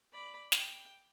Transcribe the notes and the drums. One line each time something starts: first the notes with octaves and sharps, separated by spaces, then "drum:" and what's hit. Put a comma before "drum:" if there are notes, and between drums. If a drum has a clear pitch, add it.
D5 B5
G5, drum: snare